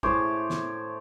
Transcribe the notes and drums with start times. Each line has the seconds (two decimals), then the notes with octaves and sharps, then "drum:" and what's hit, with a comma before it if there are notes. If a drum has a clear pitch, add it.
0.03 A2 C5 C#5 D6, drum: kick A1
0.50 drum: snare